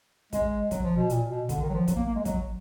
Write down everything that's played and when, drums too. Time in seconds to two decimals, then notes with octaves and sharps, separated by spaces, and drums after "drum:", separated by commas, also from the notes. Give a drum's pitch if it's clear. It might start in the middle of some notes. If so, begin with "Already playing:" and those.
0.33 G#3, drum: kick, hi-hat
0.71 F#3, drum: kick, hi-hat
0.84 F3
0.97 B2
1.10 A#2, drum: hi-hat
1.29 B2
1.49 D3, drum: kick, hi-hat
1.61 D#3
1.70 F#3
1.74 F3
1.88 F#3, drum: kick, hi-hat
1.96 A#3
2.06 A#3
2.16 G#3
2.25 F#3, drum: kick, hi-hat